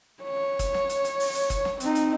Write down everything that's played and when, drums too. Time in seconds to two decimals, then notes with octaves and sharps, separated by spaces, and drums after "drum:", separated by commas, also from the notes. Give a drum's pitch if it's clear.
0.23 C#5
0.59 drum: kick, hi-hat
0.74 drum: snare
0.90 drum: hi-hat
1.05 drum: hi-hat
1.20 drum: open hi-hat
1.35 drum: hi-hat
1.50 drum: kick, hi-hat
1.65 drum: snare
1.80 C4 D#4, drum: hi-hat
1.95 drum: hi-hat